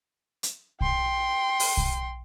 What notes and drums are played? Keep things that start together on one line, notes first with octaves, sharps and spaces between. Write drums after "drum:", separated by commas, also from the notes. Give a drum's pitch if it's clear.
drum: hi-hat
G5 C6, drum: kick
drum: open hi-hat
drum: kick